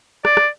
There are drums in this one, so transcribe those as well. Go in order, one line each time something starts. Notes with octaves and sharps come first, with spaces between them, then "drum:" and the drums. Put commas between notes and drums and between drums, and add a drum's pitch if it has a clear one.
D5, drum: rim click
drum: rim click